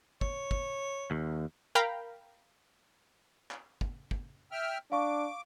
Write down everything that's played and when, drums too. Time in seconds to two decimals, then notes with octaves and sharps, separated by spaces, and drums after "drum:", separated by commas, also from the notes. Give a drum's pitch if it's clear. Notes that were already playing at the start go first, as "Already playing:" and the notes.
0.21 C#5, drum: kick
0.51 drum: kick
1.11 D#2
1.75 A#4 F5 G5 A#5 B5
3.51 drum: clap
3.81 drum: kick
4.11 drum: kick
4.52 E5 G5 F6
4.92 D4 F5 C#6 D6